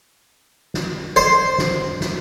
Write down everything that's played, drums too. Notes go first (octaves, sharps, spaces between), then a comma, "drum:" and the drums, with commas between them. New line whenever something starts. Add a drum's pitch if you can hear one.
drum: snare
C5
drum: snare
drum: snare